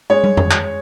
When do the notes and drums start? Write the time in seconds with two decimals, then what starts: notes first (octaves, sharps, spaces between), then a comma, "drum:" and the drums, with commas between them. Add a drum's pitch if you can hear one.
0.10 G#3 C#5
0.24 drum: tom
0.37 drum: tom F2
0.51 drum: clap